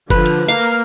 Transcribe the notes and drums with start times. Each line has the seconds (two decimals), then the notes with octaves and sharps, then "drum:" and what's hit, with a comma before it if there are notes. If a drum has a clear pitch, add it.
0.10 D3 F3 B4, drum: kick F#1, cymbal
0.26 drum: cymbal
0.48 A#3 A#4 F5